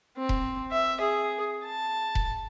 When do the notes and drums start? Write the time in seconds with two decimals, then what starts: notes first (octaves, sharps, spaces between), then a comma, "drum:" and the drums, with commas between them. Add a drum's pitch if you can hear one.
0.17 C4
0.29 drum: kick E1
0.71 E5
1.00 G#4
1.65 A5
2.15 drum: kick E1